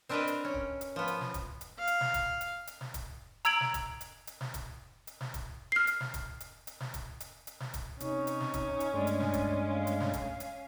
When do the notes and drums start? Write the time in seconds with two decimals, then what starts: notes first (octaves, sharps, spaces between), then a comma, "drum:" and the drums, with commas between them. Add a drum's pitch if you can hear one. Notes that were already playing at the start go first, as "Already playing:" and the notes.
0.09 C4 D4 A#4 B4 D#5 G5
0.28 drum: hi-hat
0.45 C#4
0.54 drum: kick
0.81 drum: hi-hat
0.96 F3 B3
1.08 drum: hi-hat
1.21 drum: snare
1.34 drum: kick, hi-hat
1.61 drum: hi-hat
1.78 F5
1.87 drum: hi-hat
2.01 drum: snare
2.14 drum: kick, hi-hat
2.41 drum: hi-hat
2.67 drum: hi-hat
2.81 drum: snare
2.94 drum: kick, hi-hat
3.45 A#5 E6 G#6 D7 F#7, drum: hi-hat
3.61 drum: snare
3.74 drum: kick, hi-hat
4.01 drum: hi-hat
4.27 drum: hi-hat
4.41 drum: snare
4.54 drum: kick, hi-hat
5.07 drum: hi-hat
5.21 drum: snare
5.34 drum: kick, hi-hat
5.72 F6 C7
5.87 drum: hi-hat
6.00 drum: snare
6.14 drum: kick, hi-hat
6.40 drum: hi-hat
6.67 drum: hi-hat
6.80 drum: snare
6.94 drum: kick, hi-hat
7.20 drum: hi-hat
7.47 drum: hi-hat
7.60 drum: snare
7.74 drum: kick, hi-hat
8.00 C3 C#4 D#4 C#5, drum: hi-hat
8.27 drum: hi-hat
8.40 drum: snare
8.54 drum: kick, hi-hat
8.80 drum: hi-hat
8.94 G2 G#3 A3 D4 D5
9.07 drum: hi-hat
9.20 drum: snare
9.34 drum: kick, hi-hat
9.68 F5
9.87 drum: hi-hat
10.00 drum: snare
10.13 drum: kick, hi-hat
10.40 drum: hi-hat